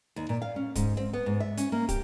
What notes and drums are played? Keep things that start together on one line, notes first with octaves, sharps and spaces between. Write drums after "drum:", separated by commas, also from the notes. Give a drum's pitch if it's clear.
D#2
A#2
F5
C#4
G#2, drum: kick, hi-hat
C4
B3
G#2
E5
C#4, drum: hi-hat
A#3
G4, drum: kick, hi-hat